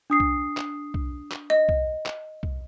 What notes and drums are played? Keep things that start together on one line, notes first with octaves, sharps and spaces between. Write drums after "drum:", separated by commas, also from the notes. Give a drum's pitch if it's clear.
D4 D#6 C7
drum: kick
drum: clap
drum: kick
drum: clap
D#5
drum: kick
drum: clap
drum: kick